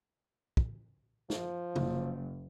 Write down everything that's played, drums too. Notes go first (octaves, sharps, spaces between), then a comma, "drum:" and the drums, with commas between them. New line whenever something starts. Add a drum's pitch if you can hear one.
drum: kick
F3, drum: snare
F#1, drum: tom C3